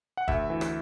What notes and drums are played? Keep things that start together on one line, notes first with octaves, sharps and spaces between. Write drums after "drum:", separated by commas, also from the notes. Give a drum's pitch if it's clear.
F#5
D2 E5, drum: kick
E3
drum: rim click